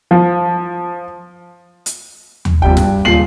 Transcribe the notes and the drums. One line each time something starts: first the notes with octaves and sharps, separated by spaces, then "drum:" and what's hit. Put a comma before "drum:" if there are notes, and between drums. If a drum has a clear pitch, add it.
F3
drum: hi-hat
drum: tom D#2
A#1 C3 G3 G5, drum: kick
G2, drum: snare
D#1 C#2 A#2 C7 F#7